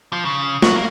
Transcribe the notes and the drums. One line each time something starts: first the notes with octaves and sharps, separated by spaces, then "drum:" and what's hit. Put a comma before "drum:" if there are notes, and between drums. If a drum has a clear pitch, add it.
F3
C#3
F#3, drum: snare
A#3